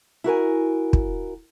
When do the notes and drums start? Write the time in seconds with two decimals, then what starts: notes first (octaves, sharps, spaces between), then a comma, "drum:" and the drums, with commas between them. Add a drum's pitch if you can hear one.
0.24 E4 F#4 A#4 G#5
0.93 drum: kick